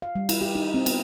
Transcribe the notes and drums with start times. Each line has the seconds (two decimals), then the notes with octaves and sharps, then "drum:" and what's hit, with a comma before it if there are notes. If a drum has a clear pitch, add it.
0.02 F5
0.15 G3
0.29 E4, drum: cymbal
0.41 G4
0.55 D#4
0.74 C4
0.86 B3, drum: cymbal